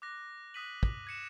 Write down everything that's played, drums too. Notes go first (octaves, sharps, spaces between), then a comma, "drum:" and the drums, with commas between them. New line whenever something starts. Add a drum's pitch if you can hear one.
D6 F#6 A#6
D#6 F#6 B6 D#7 F#7
drum: kick
G#6 C#7 E7